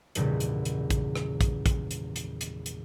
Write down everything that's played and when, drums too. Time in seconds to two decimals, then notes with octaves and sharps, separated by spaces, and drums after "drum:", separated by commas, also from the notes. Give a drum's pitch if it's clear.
0.15 G#1 E2 A#2 C#3 G3, drum: hi-hat
0.40 drum: hi-hat
0.65 drum: hi-hat
0.90 drum: kick, hi-hat
1.16 drum: rim click
1.41 drum: kick, hi-hat
1.66 drum: kick, hi-hat
1.91 drum: hi-hat
2.16 drum: hi-hat
2.41 drum: hi-hat
2.66 drum: hi-hat